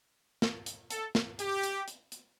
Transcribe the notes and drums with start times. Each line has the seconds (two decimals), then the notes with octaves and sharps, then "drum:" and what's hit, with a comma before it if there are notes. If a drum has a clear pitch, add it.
0.42 drum: snare
0.66 drum: hi-hat
0.90 A4, drum: hi-hat
1.15 drum: snare
1.39 G4, drum: hi-hat
1.63 drum: hi-hat
1.88 drum: hi-hat
2.12 drum: hi-hat